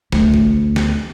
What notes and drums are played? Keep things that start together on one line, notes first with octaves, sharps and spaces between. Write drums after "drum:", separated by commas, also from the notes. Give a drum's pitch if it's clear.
D2, drum: snare
drum: kick
drum: snare